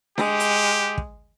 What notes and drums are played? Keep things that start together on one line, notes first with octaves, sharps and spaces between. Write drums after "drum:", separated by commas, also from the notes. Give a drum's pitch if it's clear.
G#3 G4, drum: snare D4
drum: hi-hat
drum: kick